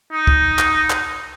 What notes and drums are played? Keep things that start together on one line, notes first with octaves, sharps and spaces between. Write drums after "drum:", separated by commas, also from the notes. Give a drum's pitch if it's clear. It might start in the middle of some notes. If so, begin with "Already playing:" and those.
D#4
drum: kick
drum: clap
drum: clap